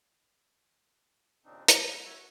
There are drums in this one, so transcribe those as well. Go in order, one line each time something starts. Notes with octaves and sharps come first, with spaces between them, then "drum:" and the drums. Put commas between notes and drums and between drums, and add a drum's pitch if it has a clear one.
D#2 A#2 C#3 C4 D4 D#4
A#4, drum: hi-hat
E2
G3 F#4 C#5 E5
F#4